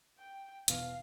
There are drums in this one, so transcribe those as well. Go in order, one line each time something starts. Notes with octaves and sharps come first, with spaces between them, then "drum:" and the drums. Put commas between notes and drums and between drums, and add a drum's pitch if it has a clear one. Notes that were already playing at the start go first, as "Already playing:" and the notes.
G5
E1 B2 E3 F5, drum: hi-hat